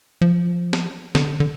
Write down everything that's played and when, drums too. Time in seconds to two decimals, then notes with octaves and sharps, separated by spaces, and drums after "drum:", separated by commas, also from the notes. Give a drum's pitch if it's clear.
0.21 F3
0.73 drum: snare
1.15 D3, drum: snare
1.40 D3